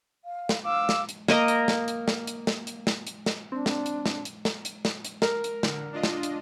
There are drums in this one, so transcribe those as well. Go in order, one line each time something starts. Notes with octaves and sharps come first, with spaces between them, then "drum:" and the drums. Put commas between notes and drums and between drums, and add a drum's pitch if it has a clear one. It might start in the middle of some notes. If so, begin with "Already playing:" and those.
F5
drum: snare
F5 D6 E6
drum: snare
drum: hi-hat
A#3 A#4 D#5, drum: snare
drum: hi-hat
drum: snare
drum: hi-hat
drum: snare
drum: hi-hat
drum: snare
drum: hi-hat
drum: snare
drum: hi-hat
drum: snare
C4 D4
drum: snare
drum: hi-hat
drum: snare
drum: hi-hat
drum: snare
drum: hi-hat
drum: snare
drum: hi-hat
A#4, drum: snare
drum: hi-hat
D3, drum: snare
D4 F4 D#5
drum: snare
drum: hi-hat